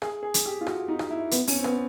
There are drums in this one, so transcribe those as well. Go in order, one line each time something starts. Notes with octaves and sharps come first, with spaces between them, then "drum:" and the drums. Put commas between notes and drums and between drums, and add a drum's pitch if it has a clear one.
G#4, drum: rim click
G#4
drum: hi-hat
G4
F4
F#4, drum: rim click
D#4
drum: rim click
E4
B3, drum: hi-hat
C#4, drum: open hi-hat
C4
B3, drum: rim click